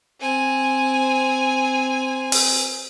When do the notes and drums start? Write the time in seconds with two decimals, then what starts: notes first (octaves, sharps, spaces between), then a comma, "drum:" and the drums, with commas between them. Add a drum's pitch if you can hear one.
0.21 C4 G#5
2.32 drum: open hi-hat